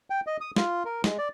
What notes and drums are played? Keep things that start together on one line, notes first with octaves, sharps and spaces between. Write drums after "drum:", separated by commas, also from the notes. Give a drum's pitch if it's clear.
G5
D#5
D#6
F4, drum: snare
A#4
G#3, drum: snare
D5